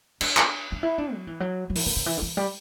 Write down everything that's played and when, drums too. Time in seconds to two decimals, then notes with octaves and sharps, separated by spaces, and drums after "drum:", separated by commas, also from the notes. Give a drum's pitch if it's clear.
0.21 D4, drum: cymbal
0.37 drum: clap
0.72 D4
0.83 E4
0.98 D4
1.14 F#3
1.27 E3
1.40 F#3
1.70 F#3
1.76 E3, drum: open hi-hat
1.86 E3
1.96 D3
2.06 E3
2.18 D3
2.22 E3
2.37 G3